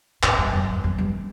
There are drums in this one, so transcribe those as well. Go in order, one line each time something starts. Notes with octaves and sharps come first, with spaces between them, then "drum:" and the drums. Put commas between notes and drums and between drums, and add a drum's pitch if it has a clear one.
A2, drum: clap
G2
F#2
E2
F#2
G2